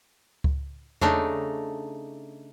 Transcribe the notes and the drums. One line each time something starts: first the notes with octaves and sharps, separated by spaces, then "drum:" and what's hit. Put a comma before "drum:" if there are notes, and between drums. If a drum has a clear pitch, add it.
drum: kick C#2
C#3 A3 D4 D#4, drum: tom E2